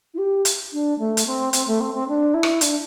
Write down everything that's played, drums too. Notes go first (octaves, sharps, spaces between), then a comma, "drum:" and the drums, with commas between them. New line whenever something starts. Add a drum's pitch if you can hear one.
E4
G4
drum: hi-hat
D4
A3
drum: hi-hat
C4
C4, drum: hi-hat
A3
C4
C4
D4
E4
drum: rim click
D4, drum: hi-hat